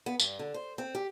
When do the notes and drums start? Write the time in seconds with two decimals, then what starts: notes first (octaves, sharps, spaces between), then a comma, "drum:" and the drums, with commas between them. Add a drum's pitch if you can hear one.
0.06 B3
0.20 G2, drum: tambourine
0.39 D3
0.54 C5
0.78 C4
0.95 G4